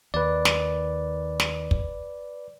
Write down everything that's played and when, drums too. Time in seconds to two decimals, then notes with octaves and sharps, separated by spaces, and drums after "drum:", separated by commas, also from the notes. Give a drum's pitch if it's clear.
0.14 D#2 B4 D5
0.45 drum: snare
1.40 drum: snare
1.71 drum: kick